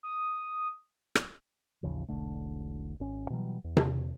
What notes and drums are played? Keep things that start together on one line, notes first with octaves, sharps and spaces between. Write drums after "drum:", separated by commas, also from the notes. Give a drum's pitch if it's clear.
D#6
drum: rim click
A1 D#2 C#3 F3
E1 B1 D3 A3
G#1 C#4
B2 E3 F#3 G3
E2
drum: tom C3